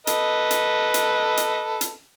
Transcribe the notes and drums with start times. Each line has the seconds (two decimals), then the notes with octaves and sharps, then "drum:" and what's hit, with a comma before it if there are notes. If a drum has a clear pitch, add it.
0.07 A4 B4 D#5, drum: hi-hat
0.51 drum: hi-hat
0.94 drum: hi-hat
1.37 drum: hi-hat
1.81 drum: hi-hat